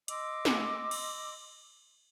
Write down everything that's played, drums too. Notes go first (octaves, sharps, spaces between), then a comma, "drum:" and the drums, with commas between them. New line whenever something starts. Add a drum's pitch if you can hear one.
D#5 C6 D6 E6, drum: hi-hat
drum: snare
drum: cymbal